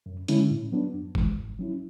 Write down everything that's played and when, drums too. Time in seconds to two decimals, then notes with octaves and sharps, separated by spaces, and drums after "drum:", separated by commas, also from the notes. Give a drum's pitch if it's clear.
0.06 F#2
0.28 D3 G#3 C#4 E4, drum: hi-hat
0.50 A2
0.72 F#3 B3 D4
0.94 F#2
1.15 E3 G#3, drum: kick G1
1.37 G#2
1.59 F#3 C#4 E4